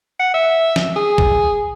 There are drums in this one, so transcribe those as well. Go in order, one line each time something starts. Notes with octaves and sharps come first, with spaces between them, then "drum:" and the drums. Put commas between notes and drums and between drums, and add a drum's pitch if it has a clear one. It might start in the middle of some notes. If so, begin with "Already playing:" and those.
F#5
E5
drum: snare
G#4
drum: kick